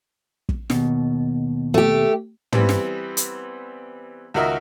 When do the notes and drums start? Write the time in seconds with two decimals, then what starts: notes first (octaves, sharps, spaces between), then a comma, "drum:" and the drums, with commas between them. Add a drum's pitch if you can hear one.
0.49 drum: kick
0.70 D#2 B2, drum: snare
1.74 A3 G4
2.52 E3 G3 B3 C4, drum: tom
2.69 drum: snare
3.17 drum: hi-hat
4.34 C#2 D#3 F#4 A#4 D#5 E5